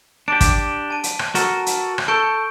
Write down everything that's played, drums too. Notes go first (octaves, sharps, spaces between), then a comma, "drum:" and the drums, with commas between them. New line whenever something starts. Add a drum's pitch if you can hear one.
D4 G4 D7
drum: kick, hi-hat
A5 D#7
drum: hi-hat
drum: rim click
F#4 A4 A#4, drum: hi-hat
drum: hi-hat
drum: rim click
A4 C#6 G6 D7